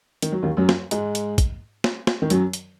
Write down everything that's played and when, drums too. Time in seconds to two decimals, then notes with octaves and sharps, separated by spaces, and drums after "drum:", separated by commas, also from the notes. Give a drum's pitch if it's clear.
0.22 D#3, drum: hi-hat
0.32 F#3
0.43 D#2 D#3
0.57 F#2 F#3
0.69 drum: snare
0.91 G#2 G#3, drum: hi-hat
1.15 drum: hi-hat
1.38 drum: kick, hi-hat
1.84 drum: snare
2.07 drum: snare
2.22 D#3
2.30 F#2 F#3, drum: hi-hat
2.53 drum: hi-hat